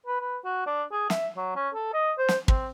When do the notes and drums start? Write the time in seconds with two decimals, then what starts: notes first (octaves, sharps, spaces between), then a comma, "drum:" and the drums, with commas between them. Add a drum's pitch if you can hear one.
0.06 B4
0.21 B4
0.44 F#4
0.66 D4
0.92 G#4
1.10 E5, drum: snare
1.37 F#3
1.55 C#4
1.74 A4
1.93 D#5
2.18 C5
2.28 drum: snare
2.48 C4, drum: kick